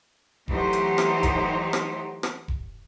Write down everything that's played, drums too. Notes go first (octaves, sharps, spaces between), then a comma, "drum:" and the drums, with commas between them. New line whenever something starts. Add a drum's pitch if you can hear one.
E3 F#3 A3 D#4 G4 C5, drum: kick E1
drum: hi-hat
drum: rim click
drum: kick E1, hi-hat
drum: rim click
drum: rim click
drum: kick E1